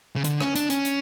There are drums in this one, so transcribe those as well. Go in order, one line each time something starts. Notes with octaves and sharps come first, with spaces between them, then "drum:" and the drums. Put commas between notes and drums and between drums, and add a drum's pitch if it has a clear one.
C#3
D3, drum: hi-hat
C#4, drum: rim click
D4, drum: hi-hat
C#4, drum: hi-hat
drum: hi-hat